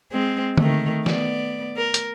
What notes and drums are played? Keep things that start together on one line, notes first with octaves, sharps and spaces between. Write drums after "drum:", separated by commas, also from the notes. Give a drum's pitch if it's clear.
G#3 C4
D#3 A3, drum: tom D3
B3 D5, drum: snare
A#4
drum: hi-hat